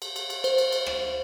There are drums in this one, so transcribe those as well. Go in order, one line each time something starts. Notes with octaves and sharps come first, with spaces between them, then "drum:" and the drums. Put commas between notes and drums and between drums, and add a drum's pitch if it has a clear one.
drum: cymbal
drum: cymbal
drum: cymbal
C5, drum: cymbal
drum: cymbal
drum: cymbal
drum: rim click